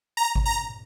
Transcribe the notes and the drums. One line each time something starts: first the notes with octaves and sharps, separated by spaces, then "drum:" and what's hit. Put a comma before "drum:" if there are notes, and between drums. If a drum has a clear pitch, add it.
A#5
drum: kick G#1
A#5